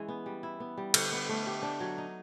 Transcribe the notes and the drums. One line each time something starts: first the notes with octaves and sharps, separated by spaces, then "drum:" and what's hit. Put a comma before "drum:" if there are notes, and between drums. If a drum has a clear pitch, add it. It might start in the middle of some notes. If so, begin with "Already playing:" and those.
Already playing: E3 G#3 C#4
B3
G3
E4
B3
G3
D3, drum: cymbal
B3
A3
G4
D4
F#3
D#4